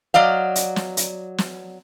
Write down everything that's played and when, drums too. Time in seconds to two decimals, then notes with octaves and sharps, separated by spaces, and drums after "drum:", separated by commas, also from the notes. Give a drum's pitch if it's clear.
0.14 F#3 D5 D#5 F5
0.56 drum: hi-hat
0.76 drum: snare
0.97 drum: hi-hat
1.38 drum: snare